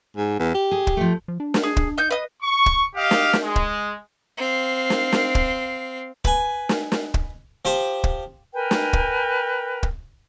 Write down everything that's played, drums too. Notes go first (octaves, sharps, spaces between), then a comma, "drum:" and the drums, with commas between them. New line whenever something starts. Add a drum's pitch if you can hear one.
G#2
E2
G4
G#4
drum: kick
F3 A3
F3
D4
drum: snare
G#4
drum: kick
D#4 G6
B4 D#5
C#6
drum: kick
G4 D#5 F5
drum: snare
drum: snare
G#3
drum: kick
C4 F5
drum: snare
drum: snare
drum: kick
B4 G#5, drum: kick
drum: snare
drum: snare
drum: kick
F3 G4 C5
drum: kick
A#4 B4 G5 G#5
drum: snare
drum: kick
drum: kick